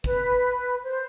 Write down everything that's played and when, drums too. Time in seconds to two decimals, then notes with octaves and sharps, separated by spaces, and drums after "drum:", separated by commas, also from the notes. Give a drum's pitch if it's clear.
0.04 B4, drum: kick
0.83 C5